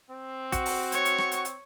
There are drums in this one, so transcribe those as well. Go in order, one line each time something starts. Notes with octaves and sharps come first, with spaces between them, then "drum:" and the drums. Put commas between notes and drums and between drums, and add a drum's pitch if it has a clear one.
C4
F#4, drum: kick, hi-hat
drum: open hi-hat
C#5 C#6, drum: hi-hat
drum: hi-hat
drum: rim click
drum: hi-hat
drum: hi-hat